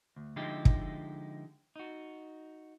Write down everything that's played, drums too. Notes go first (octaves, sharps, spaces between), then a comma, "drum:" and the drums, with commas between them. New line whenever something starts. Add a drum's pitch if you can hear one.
D2
D3 F3 G#3 D#4 E4 G4
drum: kick
D#4 F#4